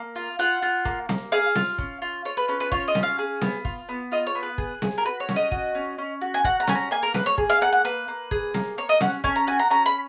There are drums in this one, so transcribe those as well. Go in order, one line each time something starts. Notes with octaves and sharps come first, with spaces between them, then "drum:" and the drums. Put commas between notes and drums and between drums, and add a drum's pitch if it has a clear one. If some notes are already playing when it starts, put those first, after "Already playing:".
Already playing: A#3
F4
F4 F#5
F4
A#3, drum: kick
A#3, drum: snare C4
G#4 F5
F4, drum: snare C4
C#4, drum: kick
F4
F4 C#5
B4
C#4 B4
B4
F4 C#5, drum: kick
D#5
C#4, drum: snare C4
F5
G#4
B3, drum: snare C4
F4, drum: kick
B3
F4 D#5
C#5
B3
B4
G#4, drum: kick
G#4, drum: snare C4
A#4
F#4 B4
C#5
C#4, drum: snare C4
D#5
F#4, drum: kick
C#4
C#4
F#4
G#5
F#4 F#5, drum: kick
A#5
C#4 G#5, drum: snare C4
A#5
A#3 G#5
A#4
A#3 B4, drum: snare C4
C#5
G#4, drum: kick
F5
A#3 F#5
F#5
A#3 B4
A#3
G#4, drum: kick
A#3, drum: snare C4
A#3 C#5
D#5
C#4 F#5, drum: snare C4
C#4 G#5, drum: kick
A#5
F#4 G#5
A#5
C#4 A#5
B5